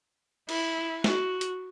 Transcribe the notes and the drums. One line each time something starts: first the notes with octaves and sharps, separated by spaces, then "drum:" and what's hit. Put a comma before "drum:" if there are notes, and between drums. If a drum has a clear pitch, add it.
E4, drum: cymbal
F#4, drum: snare
drum: hi-hat